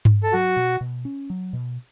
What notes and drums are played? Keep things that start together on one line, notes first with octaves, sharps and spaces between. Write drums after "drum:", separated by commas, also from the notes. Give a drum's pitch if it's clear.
drum: tom G#2
A4
F#3 F#4
B2
B2
C#4
F#3
B2